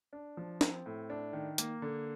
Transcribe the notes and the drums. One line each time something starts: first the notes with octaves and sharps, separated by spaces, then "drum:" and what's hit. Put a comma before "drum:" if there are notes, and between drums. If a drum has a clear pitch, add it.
D4
F3
C4, drum: snare
A2
D4
D#3
A#3, drum: hi-hat
D3